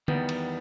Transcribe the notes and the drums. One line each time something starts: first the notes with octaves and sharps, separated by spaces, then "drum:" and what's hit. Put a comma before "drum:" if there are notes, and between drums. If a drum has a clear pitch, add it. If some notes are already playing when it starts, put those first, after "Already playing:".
E2 D#3 G3 B3, drum: tom
drum: cymbal